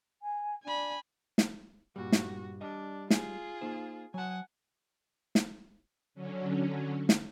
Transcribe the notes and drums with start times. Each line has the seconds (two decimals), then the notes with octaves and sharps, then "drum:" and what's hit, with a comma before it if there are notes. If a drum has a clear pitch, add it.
0.22 G#5
0.63 D4 G#5 B5
1.38 drum: snare
1.96 G2 A#2 G3 F#4
2.12 drum: snare
2.61 G3 D4 D#5
3.10 F4 G#4, drum: snare
3.61 A#3 D#4 C5
4.14 F#3 F#5 G#5 A5
5.35 drum: snare
6.15 D3 F#3 C#4
7.09 drum: snare